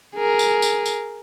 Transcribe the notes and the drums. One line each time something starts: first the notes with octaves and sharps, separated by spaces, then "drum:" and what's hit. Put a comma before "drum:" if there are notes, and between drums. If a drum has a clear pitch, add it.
G#4 A#4
drum: tambourine
drum: tambourine
drum: tambourine